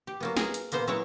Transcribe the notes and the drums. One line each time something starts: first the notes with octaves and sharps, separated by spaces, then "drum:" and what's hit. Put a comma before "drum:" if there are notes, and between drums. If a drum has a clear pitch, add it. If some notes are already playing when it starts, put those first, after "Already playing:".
G4
F#3 A#3 B3
G#4 A#4, drum: snare
drum: hi-hat
A#2 A#3 B3 C5, drum: hi-hat
F#3 G#3 E4 C#5